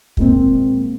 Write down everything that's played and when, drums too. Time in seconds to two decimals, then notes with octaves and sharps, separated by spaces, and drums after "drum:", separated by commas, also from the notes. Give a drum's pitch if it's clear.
0.17 A#2 G#3 A#3 C4, drum: kick